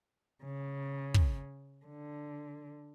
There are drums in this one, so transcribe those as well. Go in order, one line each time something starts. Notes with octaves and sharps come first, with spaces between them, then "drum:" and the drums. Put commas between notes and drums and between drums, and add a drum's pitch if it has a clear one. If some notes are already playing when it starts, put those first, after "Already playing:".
C#3
drum: kick
D3